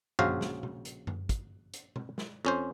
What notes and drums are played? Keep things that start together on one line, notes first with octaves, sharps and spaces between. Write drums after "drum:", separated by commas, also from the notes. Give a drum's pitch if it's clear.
A#1 C#3 F#4 C5 F5, drum: tom F#2
drum: snare
drum: tom B2
drum: hi-hat
drum: tom F#2
drum: kick, hi-hat
drum: hi-hat
drum: tom B2
drum: snare
F2 C#4 C5